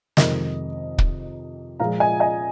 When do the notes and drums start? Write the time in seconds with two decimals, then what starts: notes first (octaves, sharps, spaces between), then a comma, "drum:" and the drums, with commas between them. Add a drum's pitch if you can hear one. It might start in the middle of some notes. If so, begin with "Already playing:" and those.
0.17 F2 C3 D#3 G#3 A#4 D#5, drum: snare
0.98 drum: kick
1.80 A#2 F3 G#3 F5 A#5
2.00 D#5 G#5
2.20 D#5 G#5